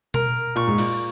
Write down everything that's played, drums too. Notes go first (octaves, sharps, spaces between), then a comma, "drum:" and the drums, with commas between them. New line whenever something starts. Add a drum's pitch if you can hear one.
A#4, drum: tom B2
A#2 C#6
G#2
A#2, drum: cymbal